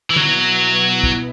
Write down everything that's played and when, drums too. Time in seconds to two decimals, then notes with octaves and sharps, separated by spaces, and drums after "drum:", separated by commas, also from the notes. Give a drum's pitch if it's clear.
0.10 E3
0.16 B2 F#3 B3 E4, drum: tom
1.04 drum: kick